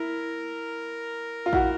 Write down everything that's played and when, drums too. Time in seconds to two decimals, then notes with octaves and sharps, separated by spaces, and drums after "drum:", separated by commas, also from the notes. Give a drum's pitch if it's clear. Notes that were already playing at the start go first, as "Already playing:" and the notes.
Already playing: E4 A#4
1.46 F4
1.53 E4 F#4, drum: kick A1